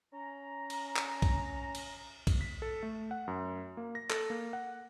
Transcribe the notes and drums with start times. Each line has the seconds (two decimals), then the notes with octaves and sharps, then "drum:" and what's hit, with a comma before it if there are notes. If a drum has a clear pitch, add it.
0.13 C#4 A#5
0.70 drum: cymbal
0.96 drum: clap
1.22 drum: kick, cymbal
1.75 drum: cymbal
2.27 drum: kick, cymbal
2.41 B6
2.62 A4
2.83 A3
3.11 F#5
3.28 F#2
3.77 A#3
3.95 A#6
4.10 A4, drum: clap
4.30 A#3
4.53 F#5